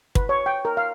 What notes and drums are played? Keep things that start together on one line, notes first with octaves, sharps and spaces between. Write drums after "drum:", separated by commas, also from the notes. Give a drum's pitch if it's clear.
B4, drum: kick
C#5
G5
A#4
F5